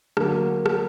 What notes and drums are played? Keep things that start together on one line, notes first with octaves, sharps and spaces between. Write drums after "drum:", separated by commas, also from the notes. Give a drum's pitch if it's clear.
D3 F#3 A#3, drum: rim click
drum: rim click